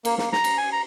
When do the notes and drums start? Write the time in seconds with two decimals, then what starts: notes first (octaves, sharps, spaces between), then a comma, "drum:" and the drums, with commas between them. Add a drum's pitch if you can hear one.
0.05 A#3, drum: cymbal
0.18 A#3, drum: snare
0.33 A#5, drum: snare
0.44 drum: cymbal
0.58 G#5
0.72 A#5